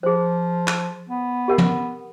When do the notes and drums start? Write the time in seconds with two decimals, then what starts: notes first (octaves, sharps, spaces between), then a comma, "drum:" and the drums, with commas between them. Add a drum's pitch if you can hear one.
0.03 F3 G#4 C5
0.68 drum: clap
1.09 B3
1.48 G4 A#4 F#5
1.58 drum: tom